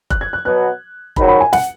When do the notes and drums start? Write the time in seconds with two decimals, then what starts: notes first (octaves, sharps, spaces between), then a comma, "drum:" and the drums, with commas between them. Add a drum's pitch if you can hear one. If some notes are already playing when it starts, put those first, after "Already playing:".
0.10 F#6, drum: kick F1
0.21 G#6
0.33 F#6
0.45 B2 F#3 B3 F#6
1.16 G#2 D#3 F#3 B5, drum: kick F1
1.28 B5
1.40 G#5
1.53 F#5, drum: snare